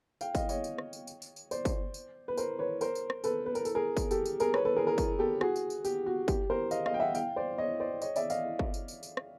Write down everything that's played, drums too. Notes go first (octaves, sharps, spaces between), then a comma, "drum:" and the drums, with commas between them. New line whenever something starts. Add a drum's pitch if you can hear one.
F5 G5, drum: tambourine
D#5 F5, drum: kick, tambourine
C#5 D#5, drum: tambourine
drum: tambourine
drum: rim click
drum: tambourine
drum: tambourine
drum: tambourine
drum: tambourine
C5 D5, drum: tambourine
drum: kick, tambourine
drum: tambourine
B4
A#4 C5, drum: tambourine
B4 C#5
A#4 C5, drum: tambourine
drum: tambourine
drum: rim click
A4 B4, drum: tambourine
B4
A#4, drum: tambourine
A4, drum: tambourine
G#4 A#4
drum: kick, tambourine
G4 A4, drum: tambourine
drum: tambourine
G#4 A#4, drum: tambourine
B4 C#5, drum: rim click
A4 B4
G#4 A#4
G#4 A#4
drum: kick, tambourine
G4 A4
F#4 G#4, drum: rim click
drum: tambourine
drum: tambourine
G4, drum: tambourine
F#4
G4, drum: kick, tambourine
A#4 C5
D#5 F5, drum: tambourine
D#5 F5, drum: rim click
G5
E5 F#5
F5 G5, drum: tambourine
C5 D5
C#5 D#5
C5 D5
C#5 D#5, drum: tambourine
D5 E5, drum: tambourine
D#5 F5, drum: tambourine
drum: kick
drum: tambourine
drum: tambourine
drum: tambourine
drum: rim click